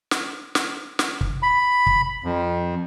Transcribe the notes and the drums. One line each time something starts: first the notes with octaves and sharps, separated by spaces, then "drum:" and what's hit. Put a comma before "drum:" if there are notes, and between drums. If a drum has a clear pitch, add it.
drum: snare
drum: snare
drum: snare
drum: kick
B5
drum: kick
F2